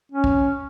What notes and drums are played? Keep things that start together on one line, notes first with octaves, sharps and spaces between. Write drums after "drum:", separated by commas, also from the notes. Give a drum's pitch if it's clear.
C#4
drum: kick